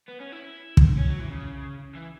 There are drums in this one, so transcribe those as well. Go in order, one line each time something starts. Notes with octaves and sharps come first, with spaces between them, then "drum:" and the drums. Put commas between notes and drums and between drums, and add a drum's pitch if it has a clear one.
B3
C#4
E4
drum: kick
C#4
F#3
E3
C#3
E3